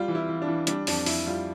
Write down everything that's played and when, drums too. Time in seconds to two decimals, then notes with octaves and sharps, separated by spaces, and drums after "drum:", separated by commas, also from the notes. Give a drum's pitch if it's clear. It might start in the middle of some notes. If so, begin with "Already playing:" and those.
Already playing: G3 F4
0.08 E3
0.15 E4
0.29 E3
0.42 D4
0.48 E3
0.67 G3 D4, drum: hi-hat
0.87 F2 D4, drum: open hi-hat
1.06 F2 E4, drum: open hi-hat
1.27 G3 F4